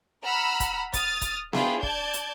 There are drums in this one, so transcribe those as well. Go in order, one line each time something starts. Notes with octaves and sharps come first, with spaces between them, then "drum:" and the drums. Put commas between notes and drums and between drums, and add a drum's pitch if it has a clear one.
F#5 A#5 B5 E6 F6
drum: kick, hi-hat
D#6 F6 A6, drum: kick, hi-hat
drum: kick, hi-hat
D4 E4 F4 G#4 G5, drum: snare B3
D5 A5 G6 G#6, drum: kick
drum: hi-hat